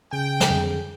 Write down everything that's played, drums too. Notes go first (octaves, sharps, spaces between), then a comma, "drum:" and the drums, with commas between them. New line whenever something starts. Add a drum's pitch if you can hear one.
C#3 G5 G#5
drum: snare
F2 D3 G#4